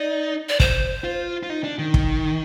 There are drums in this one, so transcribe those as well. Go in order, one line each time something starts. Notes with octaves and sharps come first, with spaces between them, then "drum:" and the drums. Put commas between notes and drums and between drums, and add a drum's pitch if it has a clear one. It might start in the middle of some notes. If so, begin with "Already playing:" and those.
Already playing: D#4 D5
D5
C5, drum: kick
F4
F4
D#4
D4
D#3
drum: kick